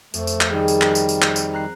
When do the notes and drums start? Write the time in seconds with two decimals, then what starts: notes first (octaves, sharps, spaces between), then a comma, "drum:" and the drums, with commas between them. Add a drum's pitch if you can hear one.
0.14 F2 A3, drum: tambourine
0.27 drum: tambourine
0.41 drum: clap
0.50 D#3 G3 G#4 A#4
0.68 drum: tambourine
0.82 drum: clap
0.95 drum: tambourine
1.09 drum: tambourine
1.22 drum: clap
1.36 drum: tambourine
1.53 A#5 F#6 C7